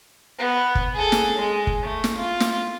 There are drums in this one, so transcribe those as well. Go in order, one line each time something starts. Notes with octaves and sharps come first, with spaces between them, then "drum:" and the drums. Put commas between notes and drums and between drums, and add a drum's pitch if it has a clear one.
B3
drum: kick
G#4 A4
drum: snare
G#3
drum: kick
A3
drum: snare
F4
drum: snare